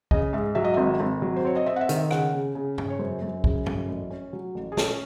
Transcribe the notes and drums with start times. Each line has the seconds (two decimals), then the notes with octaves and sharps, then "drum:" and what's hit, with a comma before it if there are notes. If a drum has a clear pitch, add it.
0.11 C#3 D#5, drum: kick C2
0.33 G#2 E5
0.55 F#3 E5
0.64 D#5
0.74 G#1 E5
1.00 G#1
1.22 F#3
1.36 C5
1.45 C4 C#5
1.56 D#5
1.66 C4 E5
1.76 F#5
1.81 E5
1.89 D#3, drum: hi-hat
1.96 E5
2.11 C#3 F#5, drum: rim click
2.33 C#3
2.55 C#3
2.78 C#3, drum: tom G2
2.90 C#5
2.99 F#2 C5
3.22 F#2
3.44 C#3, drum: kick C2
3.66 F#2, drum: tom G2
3.89 A1
4.10 C#4
4.33 F#3
4.55 A1
4.72 G#4
4.77 C#4 A4, drum: snare